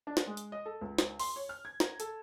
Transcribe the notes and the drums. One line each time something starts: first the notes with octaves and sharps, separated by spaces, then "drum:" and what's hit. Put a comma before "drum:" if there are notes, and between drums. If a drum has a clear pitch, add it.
D4
drum: snare
G#3
drum: hi-hat
D#5
A4
C#2
drum: snare
C6, drum: open hi-hat
C#5
F6
G#6
A#5, drum: snare
A4, drum: hi-hat